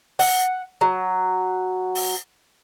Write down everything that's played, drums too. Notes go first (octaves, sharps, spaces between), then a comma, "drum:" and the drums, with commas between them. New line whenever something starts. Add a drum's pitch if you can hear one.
F#5, drum: open hi-hat
F#3
drum: open hi-hat